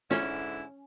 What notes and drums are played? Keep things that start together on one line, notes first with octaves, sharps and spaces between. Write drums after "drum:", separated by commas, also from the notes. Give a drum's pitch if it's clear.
G#2 D3 C#4 E4, drum: snare